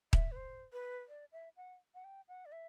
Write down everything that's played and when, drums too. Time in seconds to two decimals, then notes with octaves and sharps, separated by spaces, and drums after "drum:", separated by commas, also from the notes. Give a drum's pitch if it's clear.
0.13 E5, drum: kick D#1
0.32 B4
0.36 C5
0.73 B4
1.08 D5
1.32 E5
1.57 F#5
1.94 F#5
2.04 G5
2.28 F#5
2.46 D5
2.52 E5